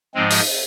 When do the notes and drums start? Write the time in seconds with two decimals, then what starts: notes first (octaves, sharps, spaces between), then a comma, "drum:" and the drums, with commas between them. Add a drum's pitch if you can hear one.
0.15 G#2 F3 G#3 C4
0.31 drum: open hi-hat